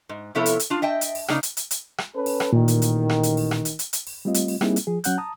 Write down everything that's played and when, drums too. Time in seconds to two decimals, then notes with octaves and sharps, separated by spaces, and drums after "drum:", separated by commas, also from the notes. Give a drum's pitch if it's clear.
0.09 G#2
0.35 C3 F3 B3 E4 A4 C#5
0.46 drum: hi-hat
0.60 drum: hi-hat
0.70 D4 F4
0.82 D#5 E5 G5 A5
1.01 drum: hi-hat
1.15 drum: open hi-hat
1.28 C#3 A#3 D4 D#4, drum: rim click
1.43 drum: hi-hat
1.57 drum: hi-hat
1.71 drum: hi-hat
1.98 drum: rim click
2.15 C#4 A4 B4
2.26 drum: open hi-hat
2.40 drum: rim click
2.53 A1 A#2 D#3
2.68 drum: hi-hat
2.82 drum: hi-hat
3.09 drum: rim click
3.23 drum: hi-hat
3.37 drum: open hi-hat
3.51 drum: rim click
3.65 drum: hi-hat
3.79 drum: hi-hat
3.93 drum: hi-hat
4.07 drum: open hi-hat
4.25 G3 A3 C4 F4 D#5
4.34 drum: hi-hat
4.48 drum: open hi-hat
4.61 G3 A#3 C4 D#4 E4 G#4, drum: rim click
4.76 drum: hi-hat
4.87 F3 G#4
5.04 F#3 C#4 F#5 F#6 G6, drum: hi-hat
5.18 A5 A#5 D#6